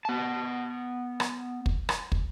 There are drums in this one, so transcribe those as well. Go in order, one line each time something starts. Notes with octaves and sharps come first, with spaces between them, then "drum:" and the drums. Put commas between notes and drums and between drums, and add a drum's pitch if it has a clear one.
B3 A5
drum: rim click
drum: kick
drum: rim click
drum: kick